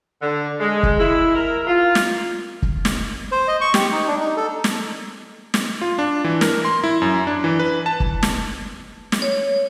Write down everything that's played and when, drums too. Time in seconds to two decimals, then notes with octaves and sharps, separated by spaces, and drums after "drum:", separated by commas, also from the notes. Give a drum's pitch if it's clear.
0.22 D3
0.60 G#3
0.83 drum: kick
0.99 E4
1.36 A#4
1.66 F4
1.95 drum: snare
2.62 drum: kick
2.85 drum: snare
3.32 C5
3.48 D#5
3.61 C#6
3.74 G4, drum: snare
3.91 D#4
4.07 D4
4.20 D#4
4.37 A4
4.64 drum: snare
5.54 drum: snare
5.81 F4
5.99 D4
6.24 E3
6.41 A#4, drum: snare
6.65 C6
6.84 E4
7.02 F#2
7.27 D4
7.44 E3
7.59 B4
7.86 A5
8.00 drum: kick
8.23 drum: snare
9.12 drum: snare
9.22 C#5